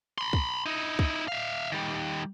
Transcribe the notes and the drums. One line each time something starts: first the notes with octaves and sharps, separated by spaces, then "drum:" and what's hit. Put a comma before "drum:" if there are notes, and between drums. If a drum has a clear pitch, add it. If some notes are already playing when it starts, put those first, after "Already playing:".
B5 C6
drum: kick
D#4 E4
drum: kick
E5 F5
D#3 G3